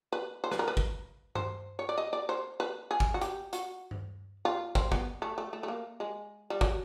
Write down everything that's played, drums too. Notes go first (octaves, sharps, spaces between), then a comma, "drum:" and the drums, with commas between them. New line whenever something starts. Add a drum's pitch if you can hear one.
B4
C5
B4, drum: snare
A#4
B4
drum: kick
C5, drum: tom G2
C#5
D5
D#5
D5
C5
B4
G#4
drum: kick
F#4
G4, drum: hi-hat
F#4, drum: hi-hat
drum: tom G2
F4
C4, drum: kick
B3, drum: kick
A3
A3
A3
A3
A#3
G#3
G3
F#3, drum: kick